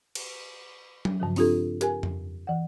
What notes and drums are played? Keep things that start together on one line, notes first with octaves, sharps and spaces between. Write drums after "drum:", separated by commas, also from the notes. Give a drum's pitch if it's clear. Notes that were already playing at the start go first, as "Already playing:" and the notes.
drum: cymbal
drum: tom F#3
G2 C#3 F3
C4 D4 F4 G4 A4, drum: open hi-hat
G4 A#4 G#5, drum: hi-hat
drum: tom F2
E3 F#5